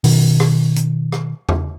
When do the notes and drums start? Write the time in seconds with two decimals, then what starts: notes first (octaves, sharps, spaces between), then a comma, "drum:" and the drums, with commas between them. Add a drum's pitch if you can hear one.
0.04 B2 D#3, drum: open hi-hat
0.40 drum: rim click
0.76 drum: hi-hat
1.12 drum: rim click
1.49 drum: tom E2